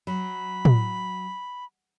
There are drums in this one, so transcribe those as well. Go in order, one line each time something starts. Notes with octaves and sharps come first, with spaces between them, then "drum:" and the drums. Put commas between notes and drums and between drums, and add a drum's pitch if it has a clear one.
F#3 B5
drum: tom